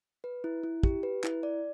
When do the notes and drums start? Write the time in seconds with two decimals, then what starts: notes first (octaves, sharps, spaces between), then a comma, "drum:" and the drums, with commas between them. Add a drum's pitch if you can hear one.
0.24 B4
0.44 E4
0.63 E4
0.83 G4, drum: kick
1.03 B4
1.24 E4, drum: clap
1.43 D5